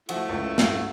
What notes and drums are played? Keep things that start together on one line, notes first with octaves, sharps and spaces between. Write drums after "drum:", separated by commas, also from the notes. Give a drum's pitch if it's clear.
F3 A3 E4 F#4, drum: cymbal
C#2
C#2 G2, drum: snare
F#4